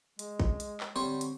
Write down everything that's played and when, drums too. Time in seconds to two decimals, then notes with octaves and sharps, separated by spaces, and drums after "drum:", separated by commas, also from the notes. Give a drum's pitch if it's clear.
0.19 G#3, drum: hi-hat
0.40 drum: kick A1
0.60 drum: hi-hat
0.80 drum: clap
0.96 D3 G3 C4 C5 C#5
1.21 drum: hi-hat